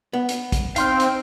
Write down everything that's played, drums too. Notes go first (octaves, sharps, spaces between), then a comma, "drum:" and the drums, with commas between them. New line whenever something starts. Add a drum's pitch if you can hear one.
B3
drum: hi-hat
drum: kick, hi-hat
C4 D#4 F5 G5 C6 F6, drum: hi-hat
drum: hi-hat